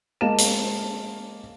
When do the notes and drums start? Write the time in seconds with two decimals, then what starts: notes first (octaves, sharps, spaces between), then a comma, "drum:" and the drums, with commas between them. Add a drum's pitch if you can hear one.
0.21 G#3 A#3 D#5 F5 A5 E7
0.38 drum: hi-hat